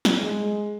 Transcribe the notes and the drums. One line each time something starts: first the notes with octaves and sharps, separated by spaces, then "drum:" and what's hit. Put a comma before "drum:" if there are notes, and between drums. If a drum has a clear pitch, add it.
drum: snare
G#3